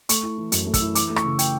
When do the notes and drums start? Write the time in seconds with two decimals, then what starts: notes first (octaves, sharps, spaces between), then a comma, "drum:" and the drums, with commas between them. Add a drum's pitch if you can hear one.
0.09 A3 C#6, drum: hi-hat
0.23 E4
0.38 E3
0.52 F#2, drum: hi-hat
0.67 A3
0.74 E6, drum: kick, hi-hat
0.81 E4
0.95 E3 D6, drum: hi-hat
1.09 A3
1.16 C#6, drum: rim click
1.25 C#3
1.39 G5, drum: hi-hat